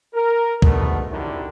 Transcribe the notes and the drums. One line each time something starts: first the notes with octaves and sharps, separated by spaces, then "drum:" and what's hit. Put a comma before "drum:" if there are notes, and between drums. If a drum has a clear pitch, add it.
A#4
G#2 B2 D3 A3 B3, drum: kick
C2 D3 D#3 F#3 G3 E4